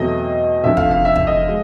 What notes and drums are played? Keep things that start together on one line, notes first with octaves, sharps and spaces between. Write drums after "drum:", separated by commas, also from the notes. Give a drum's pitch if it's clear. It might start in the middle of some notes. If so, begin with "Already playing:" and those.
Already playing: E2 B2 F#3 A3 C4 D#5
F1 F2 D3 F3 E5
F5, drum: kick
F5
E5
E5, drum: kick
D#5
G#3